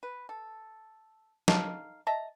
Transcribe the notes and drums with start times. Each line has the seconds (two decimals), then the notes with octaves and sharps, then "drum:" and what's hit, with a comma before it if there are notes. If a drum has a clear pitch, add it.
0.03 B4
0.29 A4
1.48 D#4 A4 F5, drum: snare
2.07 D#5 E5 A5 A#5